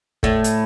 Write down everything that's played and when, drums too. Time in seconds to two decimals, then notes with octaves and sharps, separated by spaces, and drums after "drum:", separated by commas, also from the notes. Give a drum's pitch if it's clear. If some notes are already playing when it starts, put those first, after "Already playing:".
0.23 A2 A3, drum: kick
0.44 drum: hi-hat